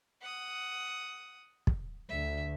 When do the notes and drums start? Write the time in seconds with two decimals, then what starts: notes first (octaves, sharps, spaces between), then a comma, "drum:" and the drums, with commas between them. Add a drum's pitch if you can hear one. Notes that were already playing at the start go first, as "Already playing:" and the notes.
0.21 F#5 D#6
1.67 drum: kick
2.09 D2 E5